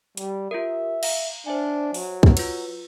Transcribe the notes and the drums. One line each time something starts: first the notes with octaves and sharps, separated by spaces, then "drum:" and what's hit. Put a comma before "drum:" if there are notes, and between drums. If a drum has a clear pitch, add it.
G3, drum: hi-hat
F4 G4 A#4 E5
F5 A#5, drum: cymbal
D4 C5 E5 G#5
F#3, drum: open hi-hat
drum: kick
F4 B4, drum: cymbal